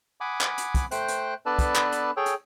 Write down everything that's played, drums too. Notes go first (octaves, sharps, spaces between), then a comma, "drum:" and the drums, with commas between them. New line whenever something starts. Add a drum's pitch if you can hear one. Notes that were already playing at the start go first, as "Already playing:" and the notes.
F#5 G#5 B5 D6 D#6
drum: clap
drum: hi-hat
drum: kick, hi-hat
A3 C5 G5 F#6, drum: hi-hat
drum: hi-hat
B3 D4 A4 B4 D5 A5
drum: kick, hi-hat
drum: clap
drum: hi-hat
G#4 A4 C#5 G5
drum: hi-hat